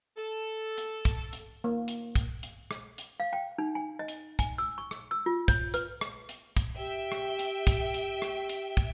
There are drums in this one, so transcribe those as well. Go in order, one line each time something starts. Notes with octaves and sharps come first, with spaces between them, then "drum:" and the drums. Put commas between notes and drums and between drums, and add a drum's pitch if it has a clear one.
A4
drum: hi-hat
drum: kick, hi-hat
drum: hi-hat
A#3
drum: hi-hat
drum: kick, hi-hat
drum: hi-hat
drum: rim click
drum: hi-hat
F5
G5
D#4
G#5
D#5
drum: hi-hat
G#5, drum: kick, hi-hat
E6
C#6
drum: rim click
E6
F4
C#5, drum: kick, hi-hat
B4, drum: hi-hat
drum: rim click
drum: hi-hat
drum: kick, hi-hat
G4 E5 G5
drum: rim click
drum: hi-hat
drum: kick, hi-hat
drum: hi-hat
drum: rim click
drum: hi-hat
drum: kick, hi-hat